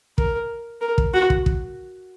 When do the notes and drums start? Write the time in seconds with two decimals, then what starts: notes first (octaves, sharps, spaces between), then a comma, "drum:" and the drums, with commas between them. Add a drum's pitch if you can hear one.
0.18 A#4, drum: kick
0.81 A#4
0.98 drum: kick
1.14 F#4
1.30 drum: kick
1.46 drum: kick